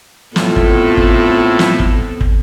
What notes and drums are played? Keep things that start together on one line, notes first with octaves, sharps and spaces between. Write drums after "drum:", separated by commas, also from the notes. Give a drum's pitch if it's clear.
A2 B3 C4 F4 A4, drum: snare
drum: kick
drum: kick
drum: snare
drum: kick
drum: kick